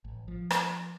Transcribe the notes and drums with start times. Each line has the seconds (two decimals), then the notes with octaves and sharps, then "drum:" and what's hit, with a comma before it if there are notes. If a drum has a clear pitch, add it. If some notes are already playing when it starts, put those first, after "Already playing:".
0.04 A1
0.28 F3
0.51 drum: rim click